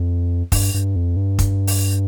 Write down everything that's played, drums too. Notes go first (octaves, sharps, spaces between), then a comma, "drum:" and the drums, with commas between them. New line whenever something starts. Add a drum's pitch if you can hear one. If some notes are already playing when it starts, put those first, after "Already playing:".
Already playing: F2
G2, drum: kick, open hi-hat
G2
F2
G2
drum: kick, hi-hat
drum: open hi-hat